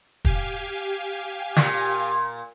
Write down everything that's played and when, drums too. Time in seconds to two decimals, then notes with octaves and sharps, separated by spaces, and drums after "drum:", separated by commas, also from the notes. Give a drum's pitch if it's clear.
0.25 G4 F5 G#5, drum: kick
1.56 A#2, drum: snare